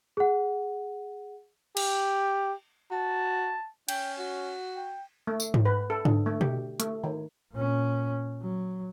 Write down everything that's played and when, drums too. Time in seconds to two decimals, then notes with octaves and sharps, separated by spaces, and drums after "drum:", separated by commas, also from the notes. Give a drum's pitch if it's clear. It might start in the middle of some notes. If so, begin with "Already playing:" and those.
0.17 G#4 F#5
1.77 G4, drum: cymbal
2.91 F#4 A5
3.89 C#4 G5, drum: cymbal
4.19 F#4
4.76 G5
5.27 A3
5.40 drum: tambourine
5.54 drum: tom G#2
5.65 B4
5.90 A4
6.05 D3, drum: tom G#2
6.26 A3
6.41 G4, drum: tom B2
6.80 A3, drum: hi-hat
7.04 D#3
7.53 A#2 C#4
8.42 F#3